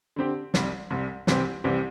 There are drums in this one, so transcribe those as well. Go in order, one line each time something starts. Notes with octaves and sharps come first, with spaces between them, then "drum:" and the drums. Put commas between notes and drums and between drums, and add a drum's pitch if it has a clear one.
D3 C4 G4
C2 C3 G3, drum: snare
C2 C3 G3
C2 C3 E3 C4 G4, drum: snare
C2 C3 E3 C4 G4